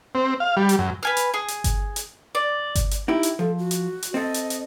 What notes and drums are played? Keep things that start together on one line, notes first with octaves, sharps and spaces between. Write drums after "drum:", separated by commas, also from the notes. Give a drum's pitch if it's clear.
C4
F5
G3
drum: hi-hat
F#2
B4 G#5 F6
drum: hi-hat
G#4
drum: hi-hat
drum: kick G1, hi-hat
drum: hi-hat
D5
drum: kick G1, hi-hat
drum: hi-hat
D#4 E4 G4
drum: hi-hat
F3 A4
F#4
drum: hi-hat
drum: hi-hat
C4 A4 D#5
drum: hi-hat
drum: hi-hat